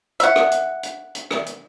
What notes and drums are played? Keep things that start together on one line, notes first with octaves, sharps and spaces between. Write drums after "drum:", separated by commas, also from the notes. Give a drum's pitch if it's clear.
E5 F#5, drum: hi-hat
drum: rim click
drum: hi-hat
drum: hi-hat
drum: hi-hat
drum: rim click
drum: hi-hat